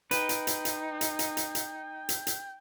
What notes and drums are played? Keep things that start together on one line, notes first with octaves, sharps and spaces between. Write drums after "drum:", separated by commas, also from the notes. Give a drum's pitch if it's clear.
D#4 B4 G5, drum: hi-hat
drum: hi-hat
drum: hi-hat
drum: hi-hat
drum: hi-hat
drum: hi-hat
drum: hi-hat
drum: hi-hat
drum: hi-hat
drum: hi-hat